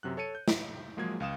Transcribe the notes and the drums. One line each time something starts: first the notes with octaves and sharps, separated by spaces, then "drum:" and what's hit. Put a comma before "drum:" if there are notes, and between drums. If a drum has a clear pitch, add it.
F#2 C3 F#3 F#6
A4 C#5 A5 C#7 D#7
G6
drum: snare
F3 F#3 G#3 A#3 G#4 G#6
C#2 F5 D#6 E7